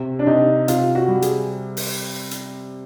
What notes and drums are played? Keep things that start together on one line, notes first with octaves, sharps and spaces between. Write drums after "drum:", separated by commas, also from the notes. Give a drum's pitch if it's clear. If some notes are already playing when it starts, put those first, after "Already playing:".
Already playing: C3
D4
C3 D#4
C3 F4, drum: hi-hat
F#4
G3
G#4, drum: hi-hat
drum: open hi-hat
drum: hi-hat